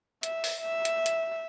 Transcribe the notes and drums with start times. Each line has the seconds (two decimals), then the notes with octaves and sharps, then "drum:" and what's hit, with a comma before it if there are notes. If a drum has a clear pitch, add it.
0.23 E5, drum: hi-hat
0.44 drum: open hi-hat
0.61 E5
0.85 drum: hi-hat
1.06 drum: hi-hat